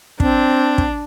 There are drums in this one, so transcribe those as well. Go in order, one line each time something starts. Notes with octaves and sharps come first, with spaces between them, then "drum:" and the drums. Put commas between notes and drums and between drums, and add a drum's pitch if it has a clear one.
C4 D4, drum: kick
drum: kick